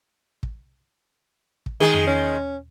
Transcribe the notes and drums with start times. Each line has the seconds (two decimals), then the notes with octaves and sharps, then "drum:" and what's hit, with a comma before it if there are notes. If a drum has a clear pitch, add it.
0.43 drum: kick
1.66 drum: kick
1.80 D#3 G#3 G#4
1.93 drum: tom
2.07 C#4